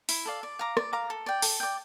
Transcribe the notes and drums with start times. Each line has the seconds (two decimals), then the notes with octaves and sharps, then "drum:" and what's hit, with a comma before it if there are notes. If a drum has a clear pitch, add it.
0.09 E4, drum: open hi-hat
0.25 A4 D5 F5
0.43 D5
0.59 F5 A#5 D6
0.77 D5, drum: rim click
0.93 F5 A#5 D6
1.10 A4
1.26 D5 G5
1.42 A4, drum: open hi-hat
1.60 D5 G5